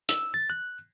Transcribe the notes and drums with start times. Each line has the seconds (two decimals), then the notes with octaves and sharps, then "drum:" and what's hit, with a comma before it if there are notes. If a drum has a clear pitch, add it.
0.09 E6, drum: hi-hat
0.34 A6
0.50 F#6